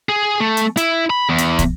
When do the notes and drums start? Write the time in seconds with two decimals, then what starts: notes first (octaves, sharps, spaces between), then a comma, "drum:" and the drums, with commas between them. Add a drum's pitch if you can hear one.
0.09 G#4
0.40 A3
0.57 drum: hi-hat
0.77 E4, drum: hi-hat
1.10 B5
1.29 E2
1.38 drum: hi-hat
1.59 drum: kick, hi-hat